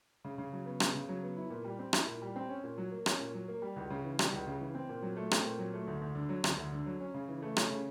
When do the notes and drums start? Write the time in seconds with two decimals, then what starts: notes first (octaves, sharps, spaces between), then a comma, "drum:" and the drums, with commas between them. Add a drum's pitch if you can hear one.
0.25 C#3
0.38 C#3
0.53 F#3
0.66 B3
0.80 C#3, drum: rim click
0.95 C#3
1.08 F#3
1.23 B3
1.37 E4
1.50 A#2
1.64 G3
1.79 C4
1.93 E4, drum: rim click
2.07 A#2
2.22 G3
2.36 C4
2.49 C#4
2.64 A#2
2.78 F#3
2.92 A#3
3.06 C#4, drum: rim click
3.20 A#2
3.34 F#3
3.48 A#3
3.62 G3
3.76 C#2
3.90 C#3
4.04 E3
4.19 G3, drum: rim click
4.32 C#2
4.47 C#3
4.61 E3
4.75 C4
4.89 A#2
5.02 F#3
5.16 A3
5.31 C4, drum: rim click
5.45 A#2
5.59 F#3
5.74 A3
5.87 D2
6.02 D2
6.15 D3
6.29 F#3
6.44 D2, drum: rim click
6.58 D2
6.73 D3
6.86 F#3
7.00 C#4
7.14 C#3
7.28 E3
7.42 A3
7.57 C#4, drum: rim click
7.71 C#3